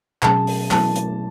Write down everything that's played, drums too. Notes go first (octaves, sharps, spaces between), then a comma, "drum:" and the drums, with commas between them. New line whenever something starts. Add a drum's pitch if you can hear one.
B2 F#3 C#4 G#4 A5, drum: clap
drum: open hi-hat
F#3 B3 E4 A5, drum: clap
drum: hi-hat